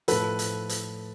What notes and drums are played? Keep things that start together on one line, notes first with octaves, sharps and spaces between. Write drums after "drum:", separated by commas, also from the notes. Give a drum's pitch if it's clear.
A2 F3 A4 B4, drum: hi-hat
drum: hi-hat
drum: hi-hat